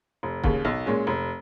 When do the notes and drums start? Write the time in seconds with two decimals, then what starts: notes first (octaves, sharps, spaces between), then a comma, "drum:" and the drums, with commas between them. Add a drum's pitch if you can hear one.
0.23 F1
0.44 D#2 C#3, drum: kick C#1
0.65 B1
0.86 A#2 G#3 C#4
1.07 F1